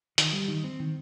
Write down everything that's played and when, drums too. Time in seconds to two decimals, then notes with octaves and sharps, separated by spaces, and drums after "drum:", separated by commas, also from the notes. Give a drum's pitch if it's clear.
0.18 D#3, drum: hi-hat
0.33 G3
0.48 D#3
0.64 C4
0.80 D#3